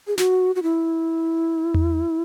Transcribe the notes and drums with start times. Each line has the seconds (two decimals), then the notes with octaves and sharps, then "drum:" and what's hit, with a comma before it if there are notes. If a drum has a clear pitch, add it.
0.07 G#4
0.18 F#4, drum: snare
0.56 F#4
0.63 E4
1.74 drum: tom E2